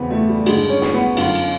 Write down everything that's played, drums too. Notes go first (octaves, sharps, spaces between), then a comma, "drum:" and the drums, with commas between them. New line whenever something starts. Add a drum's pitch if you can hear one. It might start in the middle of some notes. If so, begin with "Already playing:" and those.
Already playing: E2 C#3 E3 B3 C4
A3
G3
G2 D3 G#3, drum: cymbal
C#4
drum: snare
B3
F#2 D3 F4, drum: cymbal
drum: cymbal